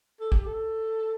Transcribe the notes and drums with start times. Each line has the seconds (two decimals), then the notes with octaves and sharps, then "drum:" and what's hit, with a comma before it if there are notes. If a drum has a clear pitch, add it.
0.20 A4
0.32 G4, drum: kick
0.46 A4